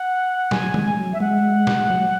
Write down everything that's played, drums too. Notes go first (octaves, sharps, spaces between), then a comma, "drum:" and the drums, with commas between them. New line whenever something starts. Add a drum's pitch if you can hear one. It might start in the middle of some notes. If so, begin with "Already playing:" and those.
Already playing: F#5
F#3 G#5, drum: snare
G#3, drum: tom
F#3
E5
G#3 F#5
drum: snare
G#3
F#3